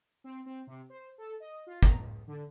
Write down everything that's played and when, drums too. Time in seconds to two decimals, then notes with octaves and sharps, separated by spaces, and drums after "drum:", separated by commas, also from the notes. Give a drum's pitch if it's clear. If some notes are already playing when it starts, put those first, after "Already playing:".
0.24 C4
0.46 C4
0.67 C3
0.90 C5
1.18 A4
1.40 D#5
1.67 F4
1.83 A#5, drum: kick
1.98 C#2
2.27 D3